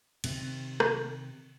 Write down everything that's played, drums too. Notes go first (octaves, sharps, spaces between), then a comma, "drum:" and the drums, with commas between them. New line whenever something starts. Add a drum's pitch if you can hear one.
C3 D#3 C4, drum: cymbal
drum: rim click